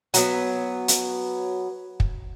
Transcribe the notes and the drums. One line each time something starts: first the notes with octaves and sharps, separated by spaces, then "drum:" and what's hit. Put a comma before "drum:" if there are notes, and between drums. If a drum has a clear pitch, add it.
F#3 B3, drum: hi-hat
drum: hi-hat
drum: kick